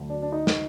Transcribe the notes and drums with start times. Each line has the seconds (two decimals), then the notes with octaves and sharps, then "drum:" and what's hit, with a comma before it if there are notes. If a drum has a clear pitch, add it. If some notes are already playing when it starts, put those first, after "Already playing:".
Already playing: D2 D3 F#3
0.10 D4
0.22 D4
0.32 D#4
0.47 drum: snare